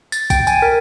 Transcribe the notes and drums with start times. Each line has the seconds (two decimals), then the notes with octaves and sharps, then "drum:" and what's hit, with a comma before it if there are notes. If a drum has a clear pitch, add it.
0.12 A6, drum: tambourine
0.30 G5, drum: kick, tambourine
0.47 G#5, drum: tambourine
0.62 A#4